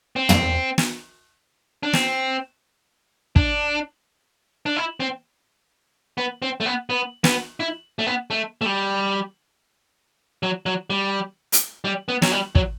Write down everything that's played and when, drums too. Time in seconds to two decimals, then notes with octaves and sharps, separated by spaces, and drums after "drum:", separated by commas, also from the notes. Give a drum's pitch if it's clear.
0.16 C4
0.29 drum: tom
0.78 drum: snare
1.83 D4
1.93 C4, drum: snare
3.36 D4, drum: kick
4.66 D4
4.77 E4
5.00 C4
6.18 B3
6.42 C4
6.60 A3
6.66 B3
6.90 B3
7.24 B3, drum: snare
7.60 E4
7.99 A3
8.07 B3
8.31 A3
8.61 A3
8.66 G3
10.43 F#3
10.66 F#3
10.90 G3
11.52 drum: hi-hat
11.85 G3
12.08 B3
12.22 F#3, drum: snare
12.32 G3
12.55 F#3, drum: kick